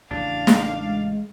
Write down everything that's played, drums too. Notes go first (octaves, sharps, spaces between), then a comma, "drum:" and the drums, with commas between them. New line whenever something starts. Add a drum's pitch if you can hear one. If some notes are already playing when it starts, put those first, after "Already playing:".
A1 C#3 D4 F5
drum: snare
G#3